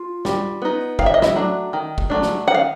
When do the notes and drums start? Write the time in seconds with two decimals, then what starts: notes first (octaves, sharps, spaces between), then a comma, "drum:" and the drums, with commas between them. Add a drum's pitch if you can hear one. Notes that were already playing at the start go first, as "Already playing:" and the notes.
Already playing: F4
0.25 G3, drum: snare
0.62 B3 D#4
0.99 D#3 F5, drum: kick
1.06 E5
1.14 D#5
1.22 E4 E5, drum: snare
1.36 F#3 A3 D4
1.73 D#3
1.98 drum: kick
2.10 F#3 A3 D4
2.23 drum: snare
2.47 D#3 F#5
2.54 F5